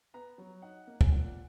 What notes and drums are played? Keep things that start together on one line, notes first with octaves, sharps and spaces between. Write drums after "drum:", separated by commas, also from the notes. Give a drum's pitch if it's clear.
B3 A#5
F#3
D#4 F#5
A#3
G#5, drum: kick
A#2 F#5